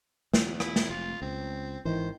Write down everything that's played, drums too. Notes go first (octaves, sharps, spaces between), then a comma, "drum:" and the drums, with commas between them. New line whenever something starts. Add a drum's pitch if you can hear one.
E2, drum: snare
E4, drum: rim click
drum: snare
F1 F4
C#2 C4
G#1 D#3 E3 C5